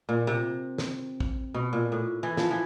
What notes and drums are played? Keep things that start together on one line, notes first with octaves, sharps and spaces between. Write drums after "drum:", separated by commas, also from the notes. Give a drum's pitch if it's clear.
A#2
C3
drum: snare
drum: kick
B2
A#2
A2
E3
F3, drum: snare
E3